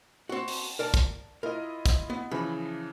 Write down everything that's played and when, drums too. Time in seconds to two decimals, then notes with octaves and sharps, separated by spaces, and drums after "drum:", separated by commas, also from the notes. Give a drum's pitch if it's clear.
0.29 C4 F#4
0.48 drum: open hi-hat
0.79 A#4 D5 A5
0.94 drum: kick, hi-hat
1.43 E4 F4 A#4 D#5
1.86 drum: kick, hi-hat
2.10 B3
2.31 C#3 E3 F3 B5